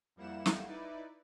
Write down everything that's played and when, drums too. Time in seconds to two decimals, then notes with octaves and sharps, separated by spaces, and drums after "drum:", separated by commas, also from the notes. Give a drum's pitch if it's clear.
0.16 F2 G3 A#3 E4 F#5 E7
0.46 drum: snare
0.65 D#4 E4 B4 D5